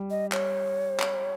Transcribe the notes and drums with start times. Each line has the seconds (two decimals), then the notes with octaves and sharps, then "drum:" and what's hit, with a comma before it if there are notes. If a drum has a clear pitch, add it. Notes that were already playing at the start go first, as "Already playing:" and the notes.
Already playing: G3
0.10 D#5
0.32 C#5, drum: clap
1.00 drum: clap